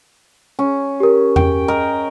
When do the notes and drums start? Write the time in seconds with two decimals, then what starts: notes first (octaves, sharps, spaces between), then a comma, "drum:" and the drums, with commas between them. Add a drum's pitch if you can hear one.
0.59 C#4
1.00 G4 A#4
1.36 G5, drum: tom E2
1.68 A#4 D#5